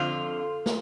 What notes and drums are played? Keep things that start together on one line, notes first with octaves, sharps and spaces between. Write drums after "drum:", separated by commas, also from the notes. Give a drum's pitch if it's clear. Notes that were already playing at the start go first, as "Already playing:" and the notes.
Already playing: F2 D3 F3 F4
drum: snare